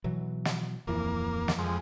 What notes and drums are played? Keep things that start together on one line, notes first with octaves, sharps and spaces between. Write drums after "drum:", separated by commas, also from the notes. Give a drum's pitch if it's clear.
B2 E3 F#3
drum: snare
D1 F2 E3 A#3
drum: snare
F2 G#3